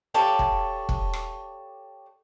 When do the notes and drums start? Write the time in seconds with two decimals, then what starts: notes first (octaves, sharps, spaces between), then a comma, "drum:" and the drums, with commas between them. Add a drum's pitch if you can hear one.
0.14 G4 A4 C#5 D5 F5 A5
0.39 drum: kick F1
0.89 drum: kick F1
1.13 drum: rim click